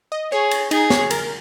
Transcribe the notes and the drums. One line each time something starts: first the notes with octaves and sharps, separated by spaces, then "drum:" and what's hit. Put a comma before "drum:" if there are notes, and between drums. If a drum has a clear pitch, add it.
D#5
G#4 C#5
drum: cymbal
D#4 G#4, drum: cymbal
C#5, drum: snare
A#4, drum: cymbal